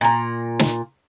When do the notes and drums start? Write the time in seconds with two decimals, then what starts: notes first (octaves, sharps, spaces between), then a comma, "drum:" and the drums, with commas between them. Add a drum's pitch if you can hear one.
0.01 A#2 A#5
0.59 drum: snare